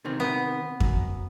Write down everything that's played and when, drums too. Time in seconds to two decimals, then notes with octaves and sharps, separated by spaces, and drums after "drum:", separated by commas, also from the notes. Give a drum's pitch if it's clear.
0.05 C3 D#3 C4
0.20 B3
0.80 F#2, drum: kick F2